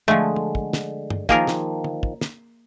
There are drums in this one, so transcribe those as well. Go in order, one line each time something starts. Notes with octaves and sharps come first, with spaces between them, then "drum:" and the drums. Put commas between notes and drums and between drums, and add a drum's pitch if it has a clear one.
D3 F3 G#3 A3
drum: tom
drum: kick
drum: snare
drum: tom G2
D#3 F3 A#3 G#4 A#4, drum: kick
drum: snare
drum: tom
drum: kick
drum: snare